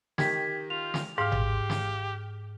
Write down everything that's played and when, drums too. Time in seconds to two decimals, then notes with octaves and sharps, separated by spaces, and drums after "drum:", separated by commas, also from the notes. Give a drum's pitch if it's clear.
0.18 D#3 G4 G#6 B6, drum: snare
0.70 F4 F7
0.94 drum: snare
1.18 G#2 G4 F5 F6
1.32 drum: tom G#1
1.70 drum: snare